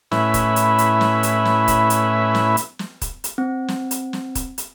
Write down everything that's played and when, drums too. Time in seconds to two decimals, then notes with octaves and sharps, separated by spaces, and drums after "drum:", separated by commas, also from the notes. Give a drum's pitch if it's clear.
0.12 A2 C#4 E4 B4 E5, drum: snare
0.34 drum: kick, hi-hat
0.56 drum: hi-hat
0.78 drum: hi-hat
1.01 drum: snare
1.23 drum: hi-hat
1.45 drum: snare
1.68 drum: kick, hi-hat
1.90 drum: hi-hat
2.35 drum: snare
2.57 drum: hi-hat
2.79 drum: snare
3.02 drum: kick, hi-hat
3.24 drum: hi-hat
3.38 C4
3.68 drum: snare
3.91 drum: hi-hat
4.13 drum: snare
4.35 drum: kick, hi-hat
4.58 drum: hi-hat